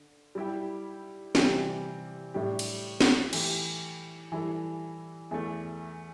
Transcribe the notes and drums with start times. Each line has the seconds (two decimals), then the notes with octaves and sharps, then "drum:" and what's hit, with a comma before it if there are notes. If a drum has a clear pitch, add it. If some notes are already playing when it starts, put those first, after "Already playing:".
Already playing: D3
0.35 G3 E4 G4
1.35 C3 E3 G3 C4, drum: snare
2.34 A2 G3 D4 G4
2.59 drum: cymbal
3.01 drum: snare
3.33 E3 A3 E4 G4, drum: cymbal
4.32 E3 G3 E4 A4
5.31 E2 E3 A3